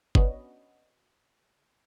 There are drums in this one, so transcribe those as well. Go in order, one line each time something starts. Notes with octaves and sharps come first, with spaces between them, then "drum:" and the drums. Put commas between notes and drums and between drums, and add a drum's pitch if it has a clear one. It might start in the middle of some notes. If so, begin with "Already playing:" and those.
B3 C#4 D4 F#4 B4 D#5, drum: kick